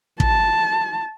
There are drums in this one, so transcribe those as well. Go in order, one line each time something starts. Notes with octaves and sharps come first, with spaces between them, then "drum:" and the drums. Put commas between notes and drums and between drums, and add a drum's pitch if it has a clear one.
A5, drum: kick